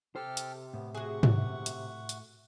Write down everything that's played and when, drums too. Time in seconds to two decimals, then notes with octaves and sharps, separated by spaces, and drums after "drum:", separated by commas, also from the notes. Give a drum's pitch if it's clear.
0.16 C3 G4 A4 C5 F6
0.37 drum: hi-hat
0.74 A2 B3
0.95 A3 F#4 G#4 F#5 C#6
1.23 drum: tom
1.66 drum: hi-hat
2.09 drum: hi-hat